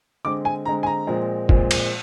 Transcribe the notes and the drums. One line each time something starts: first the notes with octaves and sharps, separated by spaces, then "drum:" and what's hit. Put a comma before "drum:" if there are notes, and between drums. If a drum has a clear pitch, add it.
D3 G#3 C4 D6
G#5
D3 G#3 C4 A#5
G#5
A#5
A#2 F3 G#3 C4
A#2 F3 G#3 C4, drum: kick
drum: cymbal